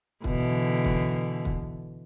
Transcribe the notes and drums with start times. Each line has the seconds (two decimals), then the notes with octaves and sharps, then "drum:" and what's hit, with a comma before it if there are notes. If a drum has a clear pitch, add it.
0.24 B2 D3 E3, drum: kick
0.85 drum: kick
1.45 drum: kick